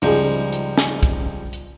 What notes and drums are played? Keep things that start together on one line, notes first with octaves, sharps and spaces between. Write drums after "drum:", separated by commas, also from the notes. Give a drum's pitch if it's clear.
C#2 G#2 F3 G3 G#4, drum: hi-hat
drum: hi-hat
drum: snare
drum: kick, hi-hat
drum: hi-hat